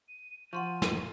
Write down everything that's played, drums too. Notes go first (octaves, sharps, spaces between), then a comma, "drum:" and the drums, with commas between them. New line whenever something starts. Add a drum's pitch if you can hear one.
D#7
F3 F#5 C6 C#6 D#7
drum: snare